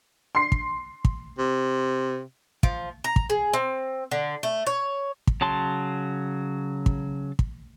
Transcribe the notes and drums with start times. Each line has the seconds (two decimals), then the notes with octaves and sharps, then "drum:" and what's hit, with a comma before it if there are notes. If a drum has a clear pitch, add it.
0.35 C6 C7
0.52 drum: kick
1.05 drum: kick
1.38 C3
2.63 F3, drum: kick
3.04 A#5
3.16 drum: kick
3.30 G#4
3.54 C4
4.11 D3
4.43 A3
4.67 C#5
5.27 drum: kick
5.41 C#3 F#3 A5 C6
6.86 drum: kick
7.39 drum: kick